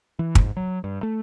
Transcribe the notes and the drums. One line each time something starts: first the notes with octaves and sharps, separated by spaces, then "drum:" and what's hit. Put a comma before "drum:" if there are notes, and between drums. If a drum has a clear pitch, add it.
E3
G#2, drum: kick
F#3
G2
A3